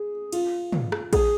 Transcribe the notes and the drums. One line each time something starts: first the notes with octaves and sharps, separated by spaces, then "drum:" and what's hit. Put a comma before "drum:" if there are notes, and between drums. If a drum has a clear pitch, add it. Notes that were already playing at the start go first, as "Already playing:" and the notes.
Already playing: G#4
F4, drum: cymbal
drum: tom
drum: rim click
G#4, drum: kick A#1, cymbal